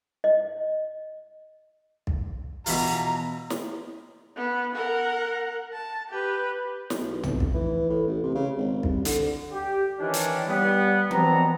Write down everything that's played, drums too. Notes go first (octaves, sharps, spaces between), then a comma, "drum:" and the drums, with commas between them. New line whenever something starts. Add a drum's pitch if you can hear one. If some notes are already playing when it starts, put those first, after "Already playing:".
D#5
drum: kick
B2 E3 F4 A#5, drum: open hi-hat
drum: snare
B3
A#4 F#5
A5
G4 B4
B1, drum: snare
F1, drum: tom
drum: kick
E3
A2
A1
C3
C#3
G#1
C2, drum: kick
D3, drum: hi-hat
G4
D#3 E3 C#4 D4
drum: hi-hat
G3 B3
D#2 B2 B3 C4 D4 A#5, drum: tom E3